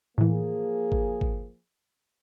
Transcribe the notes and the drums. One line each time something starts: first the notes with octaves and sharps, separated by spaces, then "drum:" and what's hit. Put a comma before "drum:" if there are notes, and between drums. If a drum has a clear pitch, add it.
A2 E3 F3 A#3 G#4
drum: kick
drum: kick